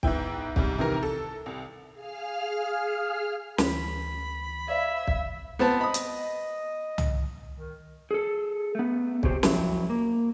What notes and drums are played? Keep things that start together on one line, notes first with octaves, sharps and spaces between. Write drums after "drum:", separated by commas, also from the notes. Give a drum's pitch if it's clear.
G#2 B3 E4 G5, drum: kick
G#2 C3 G3, drum: kick
C3 D#3 E3 A#4 A#5
A4
C2
G#4 F5 F6
D2 E3 B5, drum: snare
C5 D5 E5 F5 G#6
drum: kick
B3 C4 A5
D#5 B5 D#6
drum: hi-hat
drum: tom
D#3
G#4 A4
A3 B3
C#3 C4 F#4 G4 C5, drum: kick
F2 F#3 E4, drum: snare
A#3